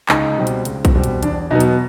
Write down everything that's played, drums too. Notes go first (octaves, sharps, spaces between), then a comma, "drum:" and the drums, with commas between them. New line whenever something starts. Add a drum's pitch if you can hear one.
C#2 D#4, drum: clap
B2 G3 C4
drum: hi-hat
C#2, drum: hi-hat
drum: kick B1, hi-hat
B2 G3 C4
drum: hi-hat
E2 D4, drum: hi-hat
B2 F#3 B3 D#4
drum: hi-hat